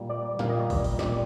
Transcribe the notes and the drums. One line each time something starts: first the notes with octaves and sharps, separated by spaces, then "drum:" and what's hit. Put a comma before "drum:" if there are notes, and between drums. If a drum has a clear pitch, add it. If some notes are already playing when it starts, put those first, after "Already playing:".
Already playing: A#2 G3 A#3
D5
A#2 G3 A#3 F5, drum: snare
D#5
D5
D#5, drum: kick, open hi-hat
drum: open hi-hat
D#5
A#2 G3 A#3 D5, drum: snare
D5